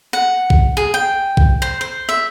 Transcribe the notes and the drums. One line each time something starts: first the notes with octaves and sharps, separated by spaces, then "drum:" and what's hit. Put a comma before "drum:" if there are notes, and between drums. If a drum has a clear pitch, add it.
F#5
drum: kick A#1
G#4
G5
drum: kick A#1
C5
C5
E5